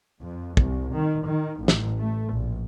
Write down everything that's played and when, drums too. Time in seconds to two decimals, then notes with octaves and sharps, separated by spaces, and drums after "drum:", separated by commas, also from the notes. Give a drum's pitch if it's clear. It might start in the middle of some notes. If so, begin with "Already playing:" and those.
0.20 F2
0.57 C2, drum: kick
0.93 D#3
1.25 D#3
1.58 A1
1.68 drum: snare
1.97 A3
2.33 A#1